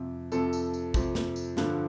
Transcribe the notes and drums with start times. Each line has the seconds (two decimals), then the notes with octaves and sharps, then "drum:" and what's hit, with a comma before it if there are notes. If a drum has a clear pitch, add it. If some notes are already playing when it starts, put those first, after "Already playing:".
Already playing: F2 C3 F3
0.32 F2 C3 F3 A4, drum: tambourine
0.53 drum: tambourine
0.74 drum: tambourine
0.94 F2 C3 F3, drum: kick, tambourine
1.15 drum: snare
1.36 drum: tambourine
1.57 G2 D3 F3, drum: snare